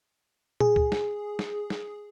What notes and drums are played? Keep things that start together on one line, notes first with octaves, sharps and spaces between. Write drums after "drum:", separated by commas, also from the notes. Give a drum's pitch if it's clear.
G#4, drum: tom A#2
drum: kick C#2
drum: snare
drum: snare
drum: snare